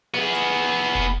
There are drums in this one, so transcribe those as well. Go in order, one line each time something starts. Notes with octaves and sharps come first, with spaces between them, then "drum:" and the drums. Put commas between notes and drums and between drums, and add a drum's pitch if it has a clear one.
B3 G#4
drum: hi-hat
drum: kick F1